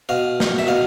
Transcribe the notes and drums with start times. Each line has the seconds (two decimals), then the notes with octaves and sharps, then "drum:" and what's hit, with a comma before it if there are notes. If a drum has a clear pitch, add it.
0.09 B2 F5
0.40 drum: snare
0.59 E5
0.67 B2 F5